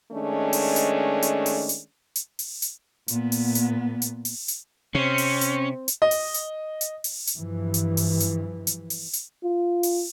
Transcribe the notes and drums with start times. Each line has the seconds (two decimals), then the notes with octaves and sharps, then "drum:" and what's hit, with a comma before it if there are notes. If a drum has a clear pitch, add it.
0.12 D#3 G#3 A3 C#4 D4
0.53 drum: open hi-hat
0.76 drum: hi-hat
1.22 drum: hi-hat
1.46 drum: open hi-hat
1.69 drum: hi-hat
2.16 drum: hi-hat
2.39 drum: open hi-hat
2.62 drum: hi-hat
3.08 A#2 B3, drum: hi-hat
3.32 drum: open hi-hat
3.55 drum: hi-hat
4.02 drum: hi-hat
4.25 drum: open hi-hat
4.48 drum: hi-hat
4.95 C3 C4 C#4
5.18 drum: open hi-hat
5.41 drum: hi-hat
5.88 drum: hi-hat
6.02 D#5
6.11 drum: open hi-hat
6.34 drum: hi-hat
6.81 drum: hi-hat
7.04 drum: open hi-hat
7.27 drum: hi-hat
7.37 G2 E3 F3
7.74 drum: hi-hat
7.97 drum: open hi-hat
8.20 drum: hi-hat
8.67 drum: hi-hat
8.90 drum: open hi-hat
9.13 drum: hi-hat
9.44 F4
9.83 drum: open hi-hat